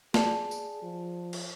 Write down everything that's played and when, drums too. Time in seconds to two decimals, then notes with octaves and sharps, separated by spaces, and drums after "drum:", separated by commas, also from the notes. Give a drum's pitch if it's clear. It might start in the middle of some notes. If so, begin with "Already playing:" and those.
0.14 G#4 D5 A5, drum: snare
0.51 drum: tambourine
0.83 F3
1.33 drum: cymbal